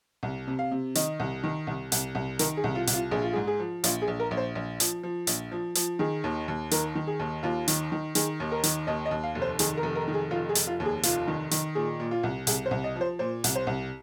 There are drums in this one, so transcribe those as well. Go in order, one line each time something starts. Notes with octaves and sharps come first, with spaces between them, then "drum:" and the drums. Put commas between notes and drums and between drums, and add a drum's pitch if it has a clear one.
C2
C3
F5
C3
D#3 D#5, drum: hi-hat
C2
D#3
C2
C2, drum: hi-hat
C2
D#3 A#4, drum: hi-hat
G#4
C2
F4
C2, drum: hi-hat
F4
A#1 G#4
F4
G#4
G#2
G#4
F3
A#1 F4, drum: hi-hat
G#4
A#1
A#4
A#1
C5
A#1
F3, drum: hi-hat
F3
A#1, drum: hi-hat
F3
F3, drum: hi-hat
D#3 G#4
D#2
D#2
D#3 A#4, drum: hi-hat
D#3
G#4
D#2
D#2 F4
D#3, drum: hi-hat
D#3
D#3 G#4, drum: hi-hat
D#2
A#4
D#3, drum: hi-hat
D#2 D#5
D#5
D#2
F5
F1
C5
D#3 G#4, drum: hi-hat
A#4
F1
A#4
D#3
G#4
F1 F4
G#4
F1, drum: hi-hat
F4
D#2
G#4
F1 F4, drum: hi-hat
D#3
D#3, drum: hi-hat
A#2 G#4
A#2
F4
C2
C2 G#4, drum: hi-hat
C5
C2
D#5
F3
C5
A#2 C5
C2, drum: hi-hat
C5
C2